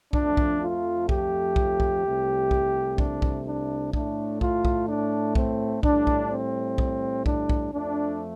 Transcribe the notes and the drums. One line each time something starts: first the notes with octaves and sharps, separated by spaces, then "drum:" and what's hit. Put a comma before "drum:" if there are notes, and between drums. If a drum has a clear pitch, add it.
F2 F3 A3 D4, drum: kick B1
drum: kick B1
F4
G4, drum: kick B1
drum: kick B1
drum: kick B1
C2 C3 A3
drum: kick B1
D4, drum: kick B1
drum: kick B1
D4
A2 A3 D4, drum: kick B1
F4, drum: kick B1
drum: kick B1
D4
C4, drum: kick B1
A2 G3 D4, drum: kick B1
drum: kick B1
C4
drum: kick B1
D4, drum: kick B1
drum: kick B1
F2 F3 A3 D4